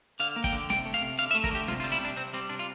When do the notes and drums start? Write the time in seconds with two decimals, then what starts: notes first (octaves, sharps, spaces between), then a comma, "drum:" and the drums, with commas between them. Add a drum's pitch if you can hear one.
0.20 D3 F5, drum: hi-hat
0.36 A#3
0.44 G5, drum: kick, hi-hat
0.53 D3
0.70 C3 G5, drum: snare
0.86 A3
0.94 F5, drum: hi-hat
1.02 C3
1.18 D3 F5, drum: hi-hat
1.31 E5
1.35 A3
1.44 A#4, drum: kick, hi-hat
1.51 D3 G4
1.68 C3 F4, drum: snare
1.80 F4
1.84 G3
1.92 E4, drum: hi-hat
2.00 C3 D4
2.16 C3 C4, drum: hi-hat
2.33 G3 C4
2.49 C3 D4
2.59 F4